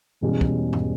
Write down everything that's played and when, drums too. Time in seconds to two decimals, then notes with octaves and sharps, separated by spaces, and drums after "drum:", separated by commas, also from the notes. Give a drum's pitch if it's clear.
0.21 E1 E2 B2 G3 C#4
0.41 drum: kick
0.73 drum: tom G2